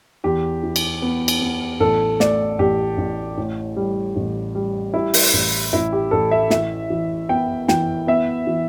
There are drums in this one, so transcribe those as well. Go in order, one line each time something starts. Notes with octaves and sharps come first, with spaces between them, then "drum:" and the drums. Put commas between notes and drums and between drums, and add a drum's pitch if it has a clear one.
E2 G4
E3
drum: cymbal
B3
drum: cymbal
B3
A1 A4
A3 D5, drum: snare
A1 G4
A1
A2
G3
A1
G3
G3 E4
drum: open hi-hat
A1
A1 E4
G4
A1 A4
E5
E3 E5, drum: snare
E3
B3 G5
E3 G5, drum: snare
B3 E5
E3